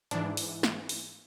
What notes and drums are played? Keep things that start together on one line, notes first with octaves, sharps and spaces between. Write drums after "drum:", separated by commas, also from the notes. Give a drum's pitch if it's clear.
G#2 E3 D4, drum: hi-hat
drum: open hi-hat
drum: snare
drum: open hi-hat